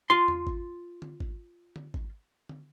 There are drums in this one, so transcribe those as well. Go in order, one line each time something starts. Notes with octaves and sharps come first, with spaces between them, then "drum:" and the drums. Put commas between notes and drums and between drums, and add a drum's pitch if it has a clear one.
F4 C6
drum: tom E2
drum: kick G#1
drum: tom D3
drum: kick G#1
drum: tom D3
drum: kick G#1
drum: tom D3